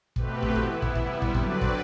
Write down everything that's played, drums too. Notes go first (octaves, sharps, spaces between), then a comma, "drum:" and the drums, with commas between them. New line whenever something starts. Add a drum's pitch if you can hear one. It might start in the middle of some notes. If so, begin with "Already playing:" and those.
B2 A3 C4 G4 B4, drum: kick
drum: kick
E3 B3 E4, drum: kick
drum: kick
C3 G3 B3, drum: kick
drum: kick
D3 F#3 C4 B4 D5, drum: kick
drum: kick